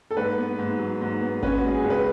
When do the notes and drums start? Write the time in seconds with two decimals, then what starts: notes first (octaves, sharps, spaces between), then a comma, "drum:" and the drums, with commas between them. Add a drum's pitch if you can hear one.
0.11 A4
0.17 G#2 B4
0.38 B3
0.59 G#2
0.79 F#3
1.01 G#2
1.21 B3
1.43 C#4 B4, drum: kick G#1
1.58 F#4
1.64 G#3
1.74 G#4
1.84 C#2
1.90 B4